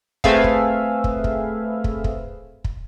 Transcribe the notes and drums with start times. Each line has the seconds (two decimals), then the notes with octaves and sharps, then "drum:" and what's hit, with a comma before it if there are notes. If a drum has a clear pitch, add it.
0.24 A3 C4 G#4 B4 E5 F5, drum: kick
0.44 drum: kick
1.04 drum: kick
1.24 drum: kick
1.84 drum: kick
2.04 drum: kick
2.64 drum: kick